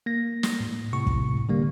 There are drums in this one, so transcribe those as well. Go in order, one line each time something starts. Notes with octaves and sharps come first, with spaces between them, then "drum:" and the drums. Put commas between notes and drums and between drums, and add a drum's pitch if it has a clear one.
A#3 A#6
drum: snare
A2
A2 C3 C#6
drum: kick
D3 G3 A#3